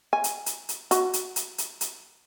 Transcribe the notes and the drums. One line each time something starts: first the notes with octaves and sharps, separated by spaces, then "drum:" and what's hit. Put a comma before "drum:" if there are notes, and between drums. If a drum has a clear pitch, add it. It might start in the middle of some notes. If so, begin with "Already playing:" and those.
G#5
drum: hi-hat
drum: hi-hat
drum: hi-hat
F#4, drum: hi-hat
drum: hi-hat
drum: hi-hat
drum: hi-hat
drum: hi-hat